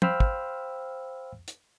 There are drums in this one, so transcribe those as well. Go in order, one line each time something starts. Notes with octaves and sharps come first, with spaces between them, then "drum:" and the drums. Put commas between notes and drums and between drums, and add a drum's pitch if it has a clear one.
C5 F5 G5 B5 E6 F6, drum: tom
drum: kick
drum: hi-hat